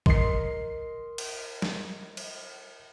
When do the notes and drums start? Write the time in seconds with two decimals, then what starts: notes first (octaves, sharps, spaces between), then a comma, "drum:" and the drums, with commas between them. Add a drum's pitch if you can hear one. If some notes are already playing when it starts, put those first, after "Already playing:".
0.06 A#4 D#5 C6 C7, drum: kick
1.18 drum: cymbal
1.62 drum: snare
2.17 drum: cymbal